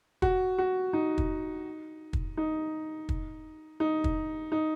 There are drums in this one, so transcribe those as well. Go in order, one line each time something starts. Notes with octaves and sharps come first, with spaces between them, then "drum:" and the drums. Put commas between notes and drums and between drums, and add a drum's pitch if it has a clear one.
F#4, drum: kick
F#4
D#4
drum: kick
drum: kick
D#4
drum: kick
D#4
drum: kick
D#4